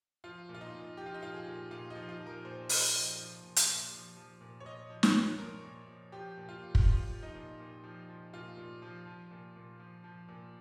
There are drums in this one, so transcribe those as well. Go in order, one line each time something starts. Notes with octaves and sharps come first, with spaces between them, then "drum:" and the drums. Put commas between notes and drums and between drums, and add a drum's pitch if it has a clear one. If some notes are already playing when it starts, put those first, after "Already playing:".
F3 F4
A#2
F4
D#4
A#2
F3 G4
F4
D#4
F3 F4
G#4
A#2
A#2 F4
D#4
F3
F4
F3
A#4
A#2 C5
A#2, drum: open hi-hat
F3
F3
A#2
drum: hi-hat
A#2
F3
F3
A#2
C#5
A#2 D#5
F3
C#5, drum: snare
F3
A#2 A#4
A#2
F3
F3 G4
A#2
F4
A#2
drum: kick
F3 F4
F3
D#4
A#2
A#2
F3
F3
A#2 F4
A#2
F3
F3
A#2
A#2
F3
F3
A#2